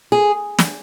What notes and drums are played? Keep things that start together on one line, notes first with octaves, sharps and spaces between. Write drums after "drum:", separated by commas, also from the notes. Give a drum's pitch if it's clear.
G#4
drum: snare